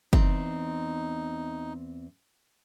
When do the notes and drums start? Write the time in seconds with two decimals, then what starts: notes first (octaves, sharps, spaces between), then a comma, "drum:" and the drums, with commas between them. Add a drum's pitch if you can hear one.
0.13 E2 C4 D#4, drum: kick